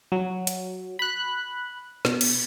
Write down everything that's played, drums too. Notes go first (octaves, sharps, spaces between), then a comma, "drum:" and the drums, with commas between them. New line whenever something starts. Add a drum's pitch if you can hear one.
F#3
drum: hi-hat
B5 F#6
B2, drum: snare
drum: cymbal